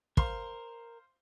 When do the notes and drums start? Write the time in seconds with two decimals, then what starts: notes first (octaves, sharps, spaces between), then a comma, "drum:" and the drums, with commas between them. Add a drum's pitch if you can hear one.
0.17 A#4 C5 F5 C6, drum: kick